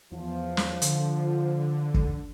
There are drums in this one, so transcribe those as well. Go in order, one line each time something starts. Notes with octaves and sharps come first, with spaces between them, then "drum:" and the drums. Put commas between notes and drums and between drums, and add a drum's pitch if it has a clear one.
E2 F3
drum: snare
D3, drum: hi-hat
drum: kick